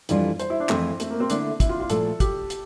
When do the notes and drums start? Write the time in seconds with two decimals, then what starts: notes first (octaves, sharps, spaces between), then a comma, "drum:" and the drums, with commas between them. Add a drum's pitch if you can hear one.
0.09 F2 E3 G3 D4 F4, drum: hi-hat
0.40 C5, drum: hi-hat
0.50 E4
0.60 D4
0.69 F2 E3 A3 C4, drum: clap
1.00 A3, drum: hi-hat
1.10 A#3
1.20 C4
1.30 D3 A3 D4 E4, drum: hi-hat
1.60 E4, drum: kick, hi-hat
1.69 F4
1.80 F4
1.90 A#2 F3 A3 A4, drum: hi-hat
2.20 G4, drum: kick, hi-hat
2.50 drum: hi-hat